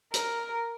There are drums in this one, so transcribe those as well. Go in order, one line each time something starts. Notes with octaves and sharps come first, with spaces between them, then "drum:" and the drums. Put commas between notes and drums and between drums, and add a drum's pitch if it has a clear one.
A#4, drum: hi-hat